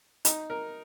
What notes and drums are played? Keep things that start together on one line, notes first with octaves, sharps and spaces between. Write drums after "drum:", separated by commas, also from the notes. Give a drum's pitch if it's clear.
D#4, drum: hi-hat
A#4